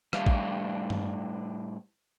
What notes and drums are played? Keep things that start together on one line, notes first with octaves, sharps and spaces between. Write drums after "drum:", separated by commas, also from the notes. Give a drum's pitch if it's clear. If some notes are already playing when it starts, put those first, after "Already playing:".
A2 G3 D4 E5 F5, drum: rim click
drum: kick A1
drum: tom G2